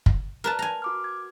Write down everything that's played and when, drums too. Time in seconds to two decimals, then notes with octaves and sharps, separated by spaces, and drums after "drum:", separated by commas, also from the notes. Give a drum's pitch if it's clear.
0.06 drum: kick F#1
0.44 A#4 B4 A5
0.59 G#5 A#5
0.82 F#4 D6 F6
1.04 G#6